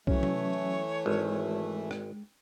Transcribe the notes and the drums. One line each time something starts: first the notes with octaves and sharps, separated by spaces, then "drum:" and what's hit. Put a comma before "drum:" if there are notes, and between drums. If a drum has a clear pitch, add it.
E3 F#3 A3 C#4 C#5, drum: kick B1
drum: tom C3
G#1 G#3
drum: rim click